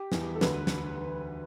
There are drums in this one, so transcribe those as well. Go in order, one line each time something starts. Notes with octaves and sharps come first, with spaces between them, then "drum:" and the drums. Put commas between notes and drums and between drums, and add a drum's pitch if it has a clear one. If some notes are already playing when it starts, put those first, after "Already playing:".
Already playing: G4
E2 E3, drum: snare
A4
D2 D3 B4, drum: snare
drum: snare